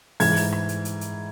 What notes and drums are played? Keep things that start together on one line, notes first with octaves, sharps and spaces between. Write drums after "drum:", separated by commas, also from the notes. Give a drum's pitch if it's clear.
G#2 E3 G#6, drum: open hi-hat
drum: open hi-hat
drum: rim click
drum: hi-hat
drum: hi-hat
drum: hi-hat